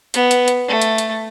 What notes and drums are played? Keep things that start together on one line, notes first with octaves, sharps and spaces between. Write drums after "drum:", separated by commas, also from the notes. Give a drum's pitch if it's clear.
B3, drum: hi-hat
drum: hi-hat
drum: hi-hat
A3
drum: hi-hat
drum: hi-hat